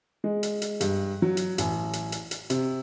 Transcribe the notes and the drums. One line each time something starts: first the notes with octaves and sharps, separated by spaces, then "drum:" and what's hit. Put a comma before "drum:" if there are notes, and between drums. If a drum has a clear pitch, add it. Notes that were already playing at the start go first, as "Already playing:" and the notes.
G#3
drum: hi-hat
drum: hi-hat
G2, drum: hi-hat
F#3
drum: hi-hat
A1, drum: hi-hat
drum: hi-hat
drum: hi-hat
drum: hi-hat
C3, drum: hi-hat